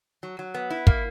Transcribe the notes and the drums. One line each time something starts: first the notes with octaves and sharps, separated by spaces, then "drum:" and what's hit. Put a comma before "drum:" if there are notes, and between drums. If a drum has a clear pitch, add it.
F#3
F#3
B3
E4
A#3, drum: kick